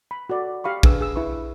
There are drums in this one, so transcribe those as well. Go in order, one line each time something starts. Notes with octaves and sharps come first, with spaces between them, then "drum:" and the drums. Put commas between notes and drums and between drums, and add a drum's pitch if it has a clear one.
B5
F#4 A4 D5
G4 F5 B5 C#6
D4 G#4 B4 E6, drum: kick
G#4 E6
E4 B4 C#6